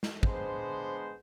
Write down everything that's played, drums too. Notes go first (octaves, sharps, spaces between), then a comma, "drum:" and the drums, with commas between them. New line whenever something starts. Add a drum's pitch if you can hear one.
drum: snare
G#3 B3 D4 C5, drum: kick